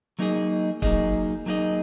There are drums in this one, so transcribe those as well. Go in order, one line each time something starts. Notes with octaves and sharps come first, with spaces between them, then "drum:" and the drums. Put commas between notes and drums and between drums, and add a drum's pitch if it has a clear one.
F#3 A#3 D#4 G#4 D#5
F#3 A#3 D#4 G#4 D#5, drum: kick
F#3 A#3 D#4 G#4 D#5